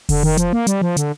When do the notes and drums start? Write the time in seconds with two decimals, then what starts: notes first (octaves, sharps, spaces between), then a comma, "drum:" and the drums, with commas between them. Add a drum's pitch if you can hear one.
0.09 D3, drum: kick F1, open hi-hat
0.23 D#3
0.37 F3, drum: hi-hat
0.53 A#3
0.67 G3, drum: hi-hat
0.82 F3
0.97 D3, drum: hi-hat